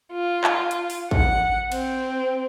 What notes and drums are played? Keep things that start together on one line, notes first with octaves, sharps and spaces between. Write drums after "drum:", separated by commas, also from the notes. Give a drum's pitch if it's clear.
F4
drum: clap
drum: hi-hat
drum: open hi-hat
F#5, drum: kick
C4, drum: cymbal